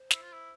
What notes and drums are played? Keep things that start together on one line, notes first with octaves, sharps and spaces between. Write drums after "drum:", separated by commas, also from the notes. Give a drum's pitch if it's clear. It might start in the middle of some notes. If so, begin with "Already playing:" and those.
Already playing: C5
E4, drum: snare
F4
E4